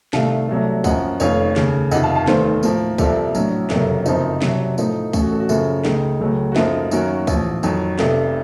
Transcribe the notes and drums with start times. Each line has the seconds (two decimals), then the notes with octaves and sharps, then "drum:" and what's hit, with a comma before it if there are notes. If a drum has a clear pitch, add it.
0.13 C2 C3 D#3 A3 F5 A5, drum: snare
0.49 C2 C3 F#3 A3
0.84 F#2 F3 A#3 C#4 D#5 F#5, drum: kick C2, tambourine
1.20 F1 F2 D#3 A3 C#5 F5, drum: tambourine
1.56 D#2 C#3 A3, drum: snare
1.91 F2 C3 D#3 D#5 F#5, drum: tambourine
2.03 F5 A5
2.15 F5 A5
2.27 F1 D#2 D#3 A3 A4 C5, drum: snare
2.63 A2 F3 A#3, drum: tambourine
2.98 C2 C3 F3 A#3 A4, drum: kick C2, tambourine
3.35 A#1 A2 F#3, drum: tambourine
3.70 F#1 F2 C3 F#3 A#3 A4, drum: snare
4.06 F#1 F#2 F3 C4 D#4, drum: tambourine
4.42 C2 C3 F#3, drum: snare
4.78 A2 F3 A3 D#4, drum: tambourine
5.13 A1 A2 A3 C#4 A4, drum: kick C2, tambourine
5.22 F#4
5.32 A4
5.40 F#4
5.49 F#2 C#3 F3 A#3 C#4 A4, drum: tambourine
5.85 C#2 C#3 A3 D#4, drum: snare
6.21 C#2 C#3 F#3 A3
6.52 F#4
6.56 F#2 F3 A#3 D#4 A4, drum: snare
6.91 F#2 D#3 F#3 A#3 C#4 F#4 A#4, drum: tambourine
7.27 A1 A2 F3, drum: kick C2, tambourine
7.63 F2 D#3 F#3, drum: tambourine
7.99 F1 F2 C3 A4, drum: snare